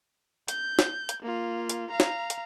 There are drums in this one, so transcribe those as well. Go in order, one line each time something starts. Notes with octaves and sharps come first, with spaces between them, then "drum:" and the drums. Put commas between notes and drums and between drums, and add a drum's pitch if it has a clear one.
G6, drum: hi-hat
drum: snare
drum: hi-hat
A#3 F4
drum: hi-hat
F5 A#5
drum: snare
drum: hi-hat